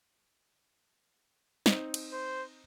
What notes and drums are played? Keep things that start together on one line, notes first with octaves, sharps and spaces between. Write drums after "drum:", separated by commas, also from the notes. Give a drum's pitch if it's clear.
C4 D#4, drum: snare
drum: cymbal
C5